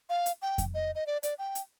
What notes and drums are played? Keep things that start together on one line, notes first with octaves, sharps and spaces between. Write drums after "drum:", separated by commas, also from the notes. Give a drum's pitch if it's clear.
F5
drum: hi-hat
G5
drum: kick F2, hi-hat
D#5
D#5
D5
D5, drum: hi-hat
G5
drum: hi-hat